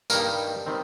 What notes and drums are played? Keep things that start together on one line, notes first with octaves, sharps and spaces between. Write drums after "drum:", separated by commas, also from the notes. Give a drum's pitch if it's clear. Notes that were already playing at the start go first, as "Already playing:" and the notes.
G2 D#3 G3 A#3 A#4, drum: tambourine
D#3 G3 C4